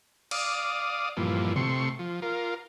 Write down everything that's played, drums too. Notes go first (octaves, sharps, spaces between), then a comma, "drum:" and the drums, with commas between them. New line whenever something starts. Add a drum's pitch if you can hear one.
D5 F5 D#6, drum: cymbal
G2 A#2 E3 F3
C3 A3 C6 C#6, drum: tom A2
F3
F4 A#4